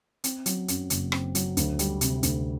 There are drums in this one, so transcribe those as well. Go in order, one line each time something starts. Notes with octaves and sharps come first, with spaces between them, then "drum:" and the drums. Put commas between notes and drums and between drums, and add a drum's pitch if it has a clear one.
C4, drum: hi-hat
F#3, drum: hi-hat
F#2, drum: hi-hat
F#1, drum: hi-hat
C4, drum: rim click
F#3, drum: hi-hat
D2, drum: hi-hat
G3, drum: hi-hat
C3, drum: hi-hat
D2, drum: hi-hat